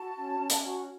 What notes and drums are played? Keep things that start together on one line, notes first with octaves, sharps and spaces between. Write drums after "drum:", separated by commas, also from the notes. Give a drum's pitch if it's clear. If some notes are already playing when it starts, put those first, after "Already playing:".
Already playing: F#4 A5
C#4
C#4
drum: hi-hat
F#4